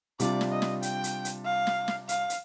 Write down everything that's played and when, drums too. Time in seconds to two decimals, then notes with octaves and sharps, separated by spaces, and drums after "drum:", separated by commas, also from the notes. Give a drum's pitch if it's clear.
0.20 C3 G3 D4 F4 D5, drum: hi-hat
0.41 drum: snare
0.51 D#5
0.62 drum: snare
0.82 G5, drum: hi-hat
1.04 drum: hi-hat
1.25 drum: hi-hat
1.45 F5
1.67 drum: snare
1.88 drum: snare
2.09 F5, drum: hi-hat
2.30 drum: hi-hat